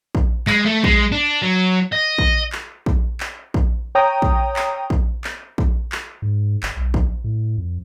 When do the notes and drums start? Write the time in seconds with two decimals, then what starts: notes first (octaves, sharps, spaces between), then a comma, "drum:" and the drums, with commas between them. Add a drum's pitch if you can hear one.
0.15 drum: kick A#1
0.47 G#3, drum: clap
0.66 A3
0.84 G#3, drum: kick A#1
1.12 D4
1.42 F#3
1.93 D#5
2.18 drum: kick A#1
2.52 drum: clap
2.86 drum: kick A#1
3.20 drum: clap
3.54 drum: kick A#1
3.95 C#5 G5 A#5 D#6
4.22 drum: kick A#1
4.56 drum: clap
4.90 drum: kick A#1
5.24 drum: clap
5.58 drum: kick A#1
5.92 drum: clap
6.22 G#2
6.63 G1, drum: clap
6.77 B1
6.94 drum: kick A#1
7.24 A2
7.58 F2